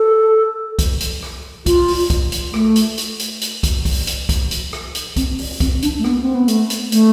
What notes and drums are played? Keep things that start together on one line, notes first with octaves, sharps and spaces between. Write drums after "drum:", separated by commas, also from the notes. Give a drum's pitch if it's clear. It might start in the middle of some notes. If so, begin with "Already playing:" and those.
Already playing: A4
drum: kick, hi-hat
drum: hi-hat
drum: rim click
F4, drum: kick, hi-hat
drum: open hi-hat
drum: kick, hi-hat
drum: hi-hat
A3, drum: rim click
drum: hi-hat
drum: hi-hat
drum: hi-hat
drum: hi-hat
drum: kick, hi-hat
drum: kick, open hi-hat
drum: hi-hat
drum: kick, hi-hat
drum: hi-hat
drum: rim click
drum: hi-hat
C4, drum: kick, hi-hat
drum: open hi-hat
C4, drum: kick, hi-hat
D4, drum: hi-hat
A3
B3, drum: rim click
C4
B3
A3, drum: hi-hat
drum: hi-hat
A3, drum: hi-hat